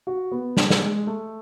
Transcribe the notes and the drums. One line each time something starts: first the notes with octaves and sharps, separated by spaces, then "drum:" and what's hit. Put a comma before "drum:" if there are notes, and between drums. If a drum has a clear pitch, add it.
F#4
B3
D4, drum: snare
drum: snare
G#3
A3